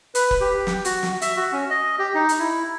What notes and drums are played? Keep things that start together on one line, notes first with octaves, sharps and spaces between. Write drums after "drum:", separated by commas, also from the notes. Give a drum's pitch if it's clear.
B4, drum: hi-hat
drum: kick
G4
drum: snare
F#4, drum: hi-hat
drum: snare
E5, drum: hi-hat
F#4
C#4
D#5
G4
D#4
drum: hi-hat
E4